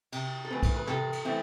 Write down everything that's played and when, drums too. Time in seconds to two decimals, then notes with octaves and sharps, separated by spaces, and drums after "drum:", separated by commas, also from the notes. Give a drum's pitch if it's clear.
0.12 C3, drum: cymbal
0.45 A4
0.50 E3 A3 C4 B4
0.63 drum: kick, cymbal
0.76 B4
0.87 C3 A4, drum: snare
1.13 drum: cymbal
1.25 E3 A3 C4